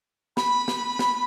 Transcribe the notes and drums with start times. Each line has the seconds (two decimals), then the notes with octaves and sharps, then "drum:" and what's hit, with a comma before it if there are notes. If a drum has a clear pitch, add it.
0.37 B5, drum: snare
0.68 drum: snare
0.99 drum: snare